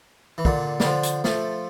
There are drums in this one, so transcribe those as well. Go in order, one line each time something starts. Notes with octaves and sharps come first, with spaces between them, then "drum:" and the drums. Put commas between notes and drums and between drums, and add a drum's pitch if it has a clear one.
E3
A#2 D3, drum: kick
G3, drum: snare
D3 F3
drum: hi-hat
F3 A3, drum: snare